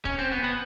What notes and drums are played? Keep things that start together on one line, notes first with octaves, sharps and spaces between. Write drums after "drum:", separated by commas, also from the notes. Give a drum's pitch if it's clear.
C#4, drum: kick
C4
B3
B3